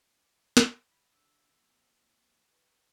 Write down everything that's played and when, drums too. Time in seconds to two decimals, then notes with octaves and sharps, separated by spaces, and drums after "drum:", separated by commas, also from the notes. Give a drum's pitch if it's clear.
0.23 D6
0.57 drum: snare
0.92 E4 C5 B5
1.13 D3 D4 F#5 E6
1.53 F3 A#3 C4
2.52 D#4 G4 B4 C#5